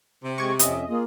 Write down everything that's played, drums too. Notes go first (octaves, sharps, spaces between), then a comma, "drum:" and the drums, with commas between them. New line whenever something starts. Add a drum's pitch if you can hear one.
C3 C4
G#3 C4 G4 C#6 G#6
F2 C#4 D#5 E5, drum: hi-hat
A#3 F4 G#4